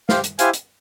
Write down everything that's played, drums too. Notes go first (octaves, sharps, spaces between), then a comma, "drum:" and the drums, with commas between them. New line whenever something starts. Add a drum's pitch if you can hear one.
G4 C5 F5, drum: snare
drum: hi-hat
E4 G4 C5 F5 G#5, drum: hi-hat
drum: hi-hat